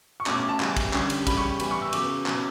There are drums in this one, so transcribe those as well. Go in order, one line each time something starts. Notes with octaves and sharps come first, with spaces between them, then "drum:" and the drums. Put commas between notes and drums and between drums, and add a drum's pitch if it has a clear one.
C#6
B2 A3 C#4 D6, drum: clap
D6
A5
C#3 E3 G3, drum: clap
drum: kick, cymbal
D3 G3 C#4, drum: clap
drum: cymbal
C#3 G3 C#4 B5, drum: kick, cymbal
C#6
E3 G3 B3 B5, drum: cymbal
C#6
E6
C#3 F#3 B3 D6, drum: cymbal
B2 F#3 C#4, drum: clap